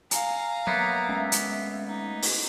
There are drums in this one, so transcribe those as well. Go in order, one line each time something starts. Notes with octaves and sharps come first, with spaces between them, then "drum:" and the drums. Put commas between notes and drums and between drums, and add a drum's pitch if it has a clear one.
F5 G#5 A#5, drum: hi-hat
F#3 A#3 B3 E5
G#3 A3 C#4
drum: hi-hat
D#4
drum: open hi-hat